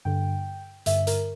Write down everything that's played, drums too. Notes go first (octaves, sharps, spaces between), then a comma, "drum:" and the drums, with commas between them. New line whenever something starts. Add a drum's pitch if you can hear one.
G2 D3 G5
G2 D3 E5, drum: hi-hat
A#4, drum: hi-hat